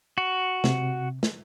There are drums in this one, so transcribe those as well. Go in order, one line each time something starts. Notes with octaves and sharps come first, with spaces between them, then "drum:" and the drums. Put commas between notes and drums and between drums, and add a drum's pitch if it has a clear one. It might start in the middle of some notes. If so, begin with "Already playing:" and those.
F#4
C3, drum: snare
drum: snare